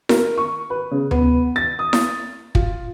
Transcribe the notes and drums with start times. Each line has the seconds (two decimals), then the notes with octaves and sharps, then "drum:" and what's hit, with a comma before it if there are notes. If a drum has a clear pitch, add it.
0.09 A#4, drum: snare E4
0.38 C#6
0.70 B4
0.91 C#3
1.11 B3, drum: tom D2
1.56 A6
1.79 D#6
1.93 drum: snare E4
2.55 F4, drum: kick